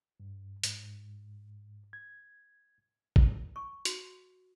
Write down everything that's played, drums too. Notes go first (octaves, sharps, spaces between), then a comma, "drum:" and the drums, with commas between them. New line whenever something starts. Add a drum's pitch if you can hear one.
G2
G#2, drum: hi-hat
G#6
drum: kick
C#6
F#4, drum: hi-hat